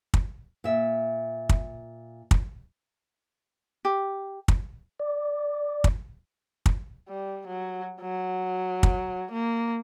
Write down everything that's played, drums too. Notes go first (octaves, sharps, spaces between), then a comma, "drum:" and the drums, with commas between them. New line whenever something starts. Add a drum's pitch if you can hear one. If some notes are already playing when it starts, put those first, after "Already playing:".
drum: kick
A#2 E5
drum: kick
drum: kick
G4
drum: kick
D5
drum: kick
drum: kick
G3
F#3
F#3
drum: kick
A#3